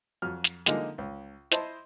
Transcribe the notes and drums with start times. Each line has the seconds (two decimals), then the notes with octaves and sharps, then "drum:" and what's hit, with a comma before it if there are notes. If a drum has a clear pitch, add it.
0.22 F2 F#3 F6
0.44 drum: snare
0.66 D3 F3 G#3 A#3 D#4, drum: snare
0.98 C#2
1.51 E4 C5 D#5 A5, drum: snare